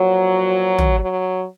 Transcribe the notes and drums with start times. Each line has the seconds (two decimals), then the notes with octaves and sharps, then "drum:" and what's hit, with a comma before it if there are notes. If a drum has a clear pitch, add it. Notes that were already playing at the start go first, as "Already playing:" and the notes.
Already playing: A#2 F3 F#3
0.78 drum: tom
0.98 F#3